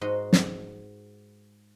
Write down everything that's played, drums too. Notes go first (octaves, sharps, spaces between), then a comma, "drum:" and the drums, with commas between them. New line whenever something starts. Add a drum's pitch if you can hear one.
G#2 F#4 D#5 C6
drum: snare